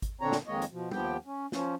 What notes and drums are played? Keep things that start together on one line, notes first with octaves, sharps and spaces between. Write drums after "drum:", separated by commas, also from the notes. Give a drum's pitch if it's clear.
drum: kick G#1, hi-hat
A#2 D3 C4 D4 C#5 A#5
drum: snare
F2 D#3 G#3 A#3 C#5 D#5
drum: hi-hat
B2 F3
D#2 F3 B3 G4 G5, drum: tom G3
C#4
F3 C#4, drum: snare